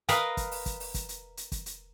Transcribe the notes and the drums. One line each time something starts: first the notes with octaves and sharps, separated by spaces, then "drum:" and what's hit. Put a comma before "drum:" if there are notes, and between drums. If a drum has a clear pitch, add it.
A#4 B4 D#5 F5, drum: hi-hat
drum: kick, hi-hat
drum: open hi-hat
drum: kick, hi-hat
drum: open hi-hat
drum: kick, hi-hat
drum: hi-hat
drum: hi-hat
drum: kick, hi-hat
drum: hi-hat